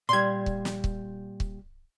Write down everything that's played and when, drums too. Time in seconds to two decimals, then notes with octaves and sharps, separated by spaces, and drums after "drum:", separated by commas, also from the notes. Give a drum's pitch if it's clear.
0.09 A#2 G3 C6 G#6
0.46 drum: kick C#1
0.65 drum: snare
0.84 drum: kick C#1
1.40 drum: kick C#1